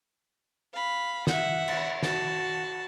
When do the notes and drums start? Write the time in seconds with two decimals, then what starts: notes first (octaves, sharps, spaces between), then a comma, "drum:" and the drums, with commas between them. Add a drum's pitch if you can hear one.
0.73 F5 B5
1.27 E5 F#5, drum: snare
1.68 drum: cymbal
2.03 F#4 A5, drum: snare